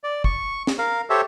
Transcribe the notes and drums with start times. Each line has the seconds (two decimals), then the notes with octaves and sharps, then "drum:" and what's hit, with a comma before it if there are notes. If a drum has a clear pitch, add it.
0.04 D5
0.24 C#6, drum: kick
0.67 drum: snare
0.79 A#4 F5
1.10 G4 A4 C5 C#5 E5